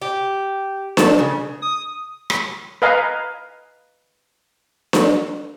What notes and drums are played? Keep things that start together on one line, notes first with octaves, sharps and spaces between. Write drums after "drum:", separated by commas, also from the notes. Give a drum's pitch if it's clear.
G4
A5, drum: snare D4
C#3
D#6
drum: rim click
B4 D#5 F5 G#5 A#5
drum: snare D4